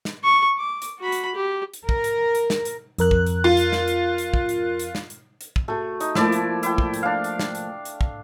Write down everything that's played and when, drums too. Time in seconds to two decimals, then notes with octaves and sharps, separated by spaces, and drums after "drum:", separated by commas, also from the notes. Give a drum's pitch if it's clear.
0.05 drum: snare
0.24 C#6
0.58 D6
0.82 drum: hi-hat
0.99 F#4 B5
1.12 drum: hi-hat
1.35 G4
1.74 drum: hi-hat
1.89 A#4, drum: kick
2.04 drum: hi-hat
2.35 drum: hi-hat
2.50 drum: snare
2.65 drum: hi-hat
2.98 F2 A#4 F#6, drum: hi-hat
3.11 drum: kick
3.26 drum: hi-hat
3.44 F4
3.57 drum: hi-hat
3.72 drum: snare
3.88 drum: hi-hat
4.18 drum: hi-hat
4.34 drum: kick
4.49 drum: hi-hat
4.79 drum: hi-hat
4.95 drum: snare
5.10 drum: hi-hat
5.41 drum: hi-hat
5.56 drum: kick
5.68 A3 F#4 G#4
6.00 D#4, drum: hi-hat
6.15 F3 A3 A#3 E4 D5, drum: snare
6.32 drum: hi-hat
6.63 E4 G5, drum: hi-hat
6.78 drum: kick
6.94 drum: hi-hat
7.03 D4 F5
7.24 drum: hi-hat
7.39 drum: snare
7.55 drum: hi-hat
7.85 drum: hi-hat
8.01 drum: kick